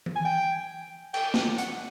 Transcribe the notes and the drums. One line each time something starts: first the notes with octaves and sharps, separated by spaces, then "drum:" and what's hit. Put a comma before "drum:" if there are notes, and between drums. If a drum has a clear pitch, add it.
drum: tom E3
G#5
G5
G5, drum: cymbal
drum: snare
F#5, drum: hi-hat